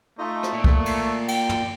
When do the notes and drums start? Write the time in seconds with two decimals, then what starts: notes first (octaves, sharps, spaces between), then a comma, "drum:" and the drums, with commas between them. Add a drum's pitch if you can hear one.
0.19 A3 D#4 F4 D#5
0.43 drum: rim click
0.53 A#2 D5
0.64 drum: kick
0.86 drum: cymbal
1.28 G5, drum: cymbal
1.49 drum: tom